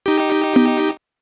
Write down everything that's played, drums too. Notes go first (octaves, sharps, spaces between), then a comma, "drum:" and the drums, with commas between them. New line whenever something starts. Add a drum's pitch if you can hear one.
D#4 G4
drum: tom B3